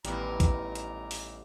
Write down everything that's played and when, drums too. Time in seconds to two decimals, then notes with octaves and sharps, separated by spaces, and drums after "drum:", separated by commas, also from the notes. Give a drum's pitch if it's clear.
0.05 A1 A#2 D#3 G3 A#3 B3 E4 A#5, drum: hi-hat
0.40 drum: kick B1, hi-hat
0.75 drum: hi-hat
1.11 drum: open hi-hat